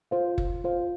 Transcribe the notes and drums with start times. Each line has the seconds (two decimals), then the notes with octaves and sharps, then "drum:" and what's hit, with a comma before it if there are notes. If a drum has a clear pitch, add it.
0.11 F4 C5 F5
0.38 drum: kick F#1
0.64 F4 C5 F5